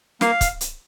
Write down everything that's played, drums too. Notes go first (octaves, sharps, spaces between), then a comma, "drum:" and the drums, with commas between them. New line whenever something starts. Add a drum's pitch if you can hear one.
A#3 F5, drum: snare
drum: kick, hi-hat
drum: hi-hat